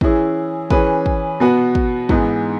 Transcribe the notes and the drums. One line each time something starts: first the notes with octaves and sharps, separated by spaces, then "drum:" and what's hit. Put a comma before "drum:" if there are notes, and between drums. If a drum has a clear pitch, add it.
E3 C#4 E4 G#4, drum: kick
E3 C#4 G#4 B4, drum: kick
drum: kick
B2 B3 F#4 B4
drum: kick
G#2 E3 G#3 B3, drum: kick